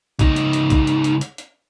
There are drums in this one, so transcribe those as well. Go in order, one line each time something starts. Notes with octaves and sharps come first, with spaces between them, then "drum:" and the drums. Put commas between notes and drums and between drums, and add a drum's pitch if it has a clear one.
C#2 D#4, drum: kick, hi-hat
drum: hi-hat
drum: hi-hat
drum: kick, hi-hat
drum: hi-hat
drum: hi-hat
drum: hi-hat
drum: hi-hat